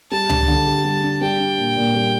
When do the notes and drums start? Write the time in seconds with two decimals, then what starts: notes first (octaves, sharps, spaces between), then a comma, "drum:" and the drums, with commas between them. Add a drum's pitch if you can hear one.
0.12 G3 A5
0.29 D4, drum: tom C#2
0.48 D3
0.67 G4
0.85 G3
1.03 D4
1.21 G3 G5
1.40 D4
1.58 A#2
1.77 A#2
1.95 G3